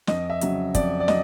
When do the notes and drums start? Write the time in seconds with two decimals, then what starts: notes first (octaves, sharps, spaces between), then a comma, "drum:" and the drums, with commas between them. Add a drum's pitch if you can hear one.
0.07 F2 D#5, drum: snare
0.30 E5
0.41 C#3 F#3, drum: hi-hat
0.75 F2 D5, drum: kick, hi-hat
1.00 D5
1.08 F#3 D#5, drum: snare